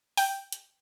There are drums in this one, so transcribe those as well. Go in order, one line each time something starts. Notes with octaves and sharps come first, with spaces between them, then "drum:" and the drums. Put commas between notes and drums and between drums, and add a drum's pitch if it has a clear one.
G5, drum: open hi-hat
drum: hi-hat